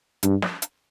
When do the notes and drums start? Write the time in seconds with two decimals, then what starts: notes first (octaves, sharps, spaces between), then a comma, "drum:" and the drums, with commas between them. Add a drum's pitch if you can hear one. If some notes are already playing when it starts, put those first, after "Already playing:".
0.23 G2, drum: hi-hat
0.42 drum: snare
0.62 drum: hi-hat